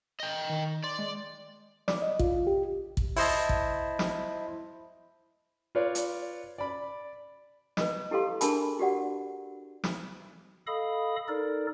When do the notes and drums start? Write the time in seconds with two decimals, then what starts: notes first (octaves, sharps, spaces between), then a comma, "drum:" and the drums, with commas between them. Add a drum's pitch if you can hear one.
0.20 D#5 G5
0.50 D#3
0.84 D5 C6
0.99 G#3
1.88 D5, drum: snare
2.02 D#5
2.19 F4, drum: kick
2.47 G4
2.97 drum: kick
3.16 E4 C5 D#5 A5, drum: open hi-hat
3.49 drum: kick
3.99 drum: snare
5.75 F4 B4 C#5 D5
5.95 drum: hi-hat
6.58 D5 B5
7.77 B4 D#5, drum: snare
8.11 E4 G4 A4 B4 F5 C6
8.41 D4 G#4 A#4 G#5 A5 B5, drum: hi-hat
8.79 F#4 G4 D5 F#5
9.84 drum: snare
10.67 A4 D#5 F5 B5 D#6
11.28 D#4 A4 A#4 D5